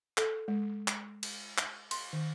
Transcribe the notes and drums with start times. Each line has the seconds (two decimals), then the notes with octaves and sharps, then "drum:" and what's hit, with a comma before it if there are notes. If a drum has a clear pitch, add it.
0.17 A4, drum: clap
0.48 G#3
0.88 drum: clap
1.23 drum: cymbal
1.58 drum: clap
1.91 C6, drum: cymbal
2.13 D#3